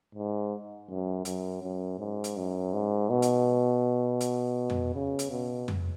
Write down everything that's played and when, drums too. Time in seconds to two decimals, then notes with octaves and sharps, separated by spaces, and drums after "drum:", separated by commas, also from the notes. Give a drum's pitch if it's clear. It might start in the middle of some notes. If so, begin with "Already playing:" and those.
0.15 G#2
0.89 F#2
1.25 F#2, drum: hi-hat
1.63 F#2
1.99 G#2
2.24 drum: hi-hat
2.37 F#2
2.73 G#2
3.09 B2
3.22 drum: hi-hat
4.20 drum: hi-hat
4.70 drum: tom F2
4.94 C#3
5.19 drum: hi-hat
5.30 B2
5.68 drum: tom F2